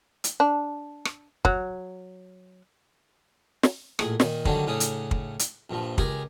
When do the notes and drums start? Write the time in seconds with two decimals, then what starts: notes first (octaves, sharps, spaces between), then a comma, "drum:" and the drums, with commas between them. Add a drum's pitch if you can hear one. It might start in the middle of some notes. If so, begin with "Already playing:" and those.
0.24 drum: hi-hat
0.40 D4
1.05 drum: rim click
1.45 F#3, drum: kick
3.63 drum: snare
3.99 A1 A#2 G#4 D#6, drum: rim click
4.20 A#2 D#3, drum: snare
4.45 D3 D#3 F#3 G3 C#4 D4, drum: kick
4.67 A2 C#3 C#4 D4 D#6
4.80 drum: hi-hat
5.11 drum: kick
5.39 drum: hi-hat
5.70 A#1 G2 F3
5.98 C#2 G4 G#4 A#4 G5 G#5, drum: kick